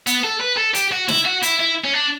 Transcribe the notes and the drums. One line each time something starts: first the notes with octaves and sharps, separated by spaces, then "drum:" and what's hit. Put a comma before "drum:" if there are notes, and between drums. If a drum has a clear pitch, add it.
B3, drum: hi-hat
A4
B4
A4
G4, drum: hi-hat
F#4
E4, drum: snare
F#4
E4, drum: hi-hat
E4
C#4
D4